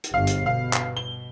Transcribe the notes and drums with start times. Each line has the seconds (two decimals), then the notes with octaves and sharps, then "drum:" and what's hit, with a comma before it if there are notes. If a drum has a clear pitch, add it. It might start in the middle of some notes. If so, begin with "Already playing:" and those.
0.04 drum: hi-hat
0.14 G1 G2 F5
0.27 drum: hi-hat
0.46 B2 F5
0.73 drum: clap
0.97 G7